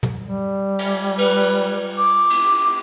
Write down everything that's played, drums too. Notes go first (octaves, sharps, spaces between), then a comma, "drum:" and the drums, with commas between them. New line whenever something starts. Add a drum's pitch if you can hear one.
drum: tom
G3
drum: cymbal
B4, drum: cymbal
D6
drum: cymbal